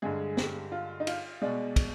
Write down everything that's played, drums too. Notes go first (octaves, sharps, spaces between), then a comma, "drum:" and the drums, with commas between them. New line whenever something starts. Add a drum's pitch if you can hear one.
G2 D3 G#3 G#4
G4, drum: snare
F4
D#4
F4, drum: cymbal
B2 G#3 D5
drum: kick, cymbal